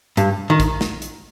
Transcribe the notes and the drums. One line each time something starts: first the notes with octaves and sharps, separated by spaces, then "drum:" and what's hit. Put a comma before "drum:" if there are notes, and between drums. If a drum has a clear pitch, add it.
G2, drum: hi-hat
D#3
drum: kick, hi-hat
drum: snare
drum: hi-hat